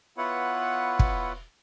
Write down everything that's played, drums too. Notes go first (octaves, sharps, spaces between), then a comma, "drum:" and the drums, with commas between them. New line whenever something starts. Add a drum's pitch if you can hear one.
B3 E4 F4 B4 C#5 F#5
drum: kick